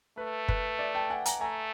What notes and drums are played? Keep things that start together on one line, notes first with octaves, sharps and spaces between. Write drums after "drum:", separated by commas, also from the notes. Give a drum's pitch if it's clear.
A3 B4
B4, drum: kick
D5 E5
G5 A5
F#5 G#5
G#5 A#5, drum: hi-hat
A3 G#5 A#5